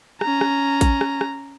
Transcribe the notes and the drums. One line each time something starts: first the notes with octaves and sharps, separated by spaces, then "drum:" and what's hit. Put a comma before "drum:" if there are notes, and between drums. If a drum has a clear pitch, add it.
C#4 A#5, drum: rim click
drum: rim click
drum: kick A1, hi-hat
drum: rim click
drum: rim click